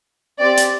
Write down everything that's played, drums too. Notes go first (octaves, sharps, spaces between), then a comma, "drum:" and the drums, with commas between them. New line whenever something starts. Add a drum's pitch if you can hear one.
C4 G4 D5
drum: hi-hat